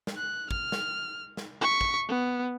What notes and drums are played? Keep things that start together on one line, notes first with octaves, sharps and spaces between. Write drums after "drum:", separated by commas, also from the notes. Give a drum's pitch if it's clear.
drum: snare
F#6
F6, drum: kick
drum: snare
drum: snare
C#6 B6
drum: kick
B3